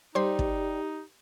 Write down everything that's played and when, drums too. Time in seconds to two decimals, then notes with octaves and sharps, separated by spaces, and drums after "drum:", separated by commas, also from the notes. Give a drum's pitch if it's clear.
0.15 G3 D#4 G4 C5 C6
0.39 drum: kick